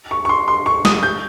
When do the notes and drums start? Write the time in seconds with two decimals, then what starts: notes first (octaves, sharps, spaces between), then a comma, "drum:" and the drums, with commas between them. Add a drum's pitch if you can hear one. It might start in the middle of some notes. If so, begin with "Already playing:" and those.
0.11 C#6
0.25 C#6
0.29 C6
0.48 C6
0.66 C#6
0.85 D#6, drum: snare
1.03 G6